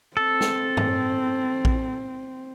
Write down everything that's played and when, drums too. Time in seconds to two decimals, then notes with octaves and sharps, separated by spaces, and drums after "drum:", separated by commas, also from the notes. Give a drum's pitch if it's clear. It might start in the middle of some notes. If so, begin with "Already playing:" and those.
0.17 C4 A4
0.41 drum: snare
0.77 drum: tom G2
1.65 drum: kick A#1